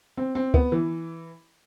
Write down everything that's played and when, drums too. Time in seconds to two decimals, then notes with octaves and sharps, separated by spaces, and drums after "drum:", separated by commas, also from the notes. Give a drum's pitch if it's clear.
0.17 C4
0.35 C4
0.54 B3, drum: kick
0.72 E3